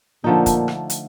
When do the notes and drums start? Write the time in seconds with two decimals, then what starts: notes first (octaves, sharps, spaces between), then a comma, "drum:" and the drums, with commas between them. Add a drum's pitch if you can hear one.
0.24 A#2 D3 F3 A3 D#4
0.46 drum: kick, hi-hat
0.68 drum: rim click
0.90 drum: hi-hat